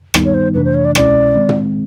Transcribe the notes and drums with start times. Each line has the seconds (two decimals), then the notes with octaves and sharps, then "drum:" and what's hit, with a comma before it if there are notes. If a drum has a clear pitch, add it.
0.14 G2 D#3 G3 B3 D#4, drum: rim click
0.25 C#5
0.34 C5
0.54 F2 C3 E3 A3 D4 B4
0.65 C5
0.74 C#5
0.85 D5
0.95 C2 B2 G#3 C#4 E4 D5, drum: rim click
1.35 D#3 G#3 C4
1.49 drum: tom